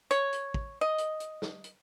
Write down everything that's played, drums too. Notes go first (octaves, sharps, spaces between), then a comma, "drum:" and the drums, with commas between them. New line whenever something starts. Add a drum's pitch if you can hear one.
C#5, drum: hi-hat
drum: hi-hat
drum: kick
D#5
drum: hi-hat
drum: hi-hat
drum: snare
drum: hi-hat